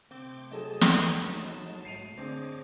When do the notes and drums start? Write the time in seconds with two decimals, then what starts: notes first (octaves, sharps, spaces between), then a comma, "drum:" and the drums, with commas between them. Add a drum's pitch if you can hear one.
0.11 C3 A3 C4 D6 G6
0.52 F#3 G#4 A4 D#5 A5
0.81 drum: snare
0.95 A3 D#4 B4
1.85 G#2 A3 C7 D#7 F7
2.18 D3 C4 D4 G#4 C#5 D#5 D6